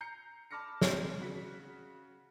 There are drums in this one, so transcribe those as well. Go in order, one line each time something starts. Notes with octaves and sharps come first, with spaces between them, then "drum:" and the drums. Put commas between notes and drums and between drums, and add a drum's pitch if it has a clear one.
A#5 G6 C7 C#7
A5 B5 D6 F6 A#6 C#7
C4 D5, drum: snare
C#3 F#4 B6